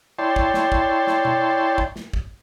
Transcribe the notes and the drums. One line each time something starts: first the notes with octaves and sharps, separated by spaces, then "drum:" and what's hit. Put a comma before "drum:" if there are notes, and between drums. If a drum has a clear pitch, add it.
E4 C#5 D5 G5 A5 C6
drum: kick
drum: snare
drum: kick
drum: snare
drum: tom B2
drum: kick
drum: snare
drum: kick